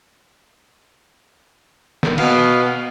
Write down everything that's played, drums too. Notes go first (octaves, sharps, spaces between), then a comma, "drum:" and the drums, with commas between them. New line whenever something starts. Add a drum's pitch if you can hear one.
drum: snare
B2 B3 F5, drum: cymbal